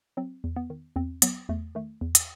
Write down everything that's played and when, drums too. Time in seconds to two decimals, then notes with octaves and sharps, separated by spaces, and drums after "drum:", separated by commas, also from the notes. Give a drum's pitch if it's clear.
0.17 F#3 C4
0.44 E2
0.56 B3
0.70 D#3
0.96 E2 C4
1.22 F#3 B3, drum: hi-hat
1.49 E2 A3
1.75 D#3 A3
2.01 E2
2.15 drum: hi-hat